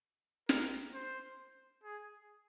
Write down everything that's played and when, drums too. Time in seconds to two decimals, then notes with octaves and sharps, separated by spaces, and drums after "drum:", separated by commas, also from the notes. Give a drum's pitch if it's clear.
0.49 A#4, drum: snare
0.94 C5
1.83 G#4